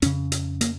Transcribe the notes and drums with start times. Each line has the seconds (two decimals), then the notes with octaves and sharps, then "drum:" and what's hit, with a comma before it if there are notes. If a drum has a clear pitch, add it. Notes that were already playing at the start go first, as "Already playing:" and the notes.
0.02 F2 C#3 C#4, drum: hi-hat
0.32 drum: hi-hat
0.61 A#3, drum: hi-hat